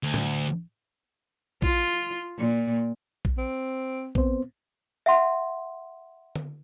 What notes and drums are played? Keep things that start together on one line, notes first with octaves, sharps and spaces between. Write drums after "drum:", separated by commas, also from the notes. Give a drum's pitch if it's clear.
D2
drum: tom A2
F4, drum: kick
A#2
drum: kick
C4
B3 C4 C5, drum: kick
E5 F#5 C6
drum: tom D3